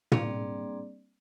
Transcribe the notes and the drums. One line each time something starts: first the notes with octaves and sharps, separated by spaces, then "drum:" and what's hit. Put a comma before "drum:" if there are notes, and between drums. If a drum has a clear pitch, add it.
G3 A#3 C4 D4 G#4 D5, drum: tom